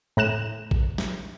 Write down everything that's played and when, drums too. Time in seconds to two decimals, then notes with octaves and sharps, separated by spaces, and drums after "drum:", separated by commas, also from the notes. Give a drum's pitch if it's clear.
0.17 A2 A#5 F#6 E7
0.71 drum: kick A1
0.98 drum: snare